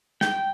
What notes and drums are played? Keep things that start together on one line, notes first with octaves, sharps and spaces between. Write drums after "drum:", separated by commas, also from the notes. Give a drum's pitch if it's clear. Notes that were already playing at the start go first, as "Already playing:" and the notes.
G5, drum: snare